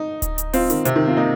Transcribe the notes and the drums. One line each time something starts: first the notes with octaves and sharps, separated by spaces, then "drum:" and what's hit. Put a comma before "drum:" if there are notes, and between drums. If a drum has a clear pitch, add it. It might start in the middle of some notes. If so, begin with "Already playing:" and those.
Already playing: D#4
drum: kick D1, hi-hat
drum: hi-hat
C4 F4, drum: open hi-hat
D#3, drum: hi-hat
C3, drum: hi-hat
D#3
C4 F4
A#3 D#4